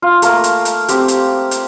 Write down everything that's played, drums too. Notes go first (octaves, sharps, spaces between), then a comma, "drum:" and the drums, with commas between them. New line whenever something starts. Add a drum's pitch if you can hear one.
F4
A3 A#3 A#4, drum: hi-hat
drum: hi-hat
drum: hi-hat
C4 G4, drum: hi-hat
drum: hi-hat
drum: hi-hat